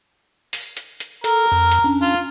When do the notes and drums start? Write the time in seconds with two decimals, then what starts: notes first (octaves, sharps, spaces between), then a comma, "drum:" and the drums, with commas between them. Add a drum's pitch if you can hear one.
0.53 drum: open hi-hat
0.77 drum: hi-hat
1.00 drum: hi-hat
1.24 A4 A#4, drum: hi-hat
1.52 F2
1.71 drum: hi-hat
1.84 C#4 D4
2.02 F4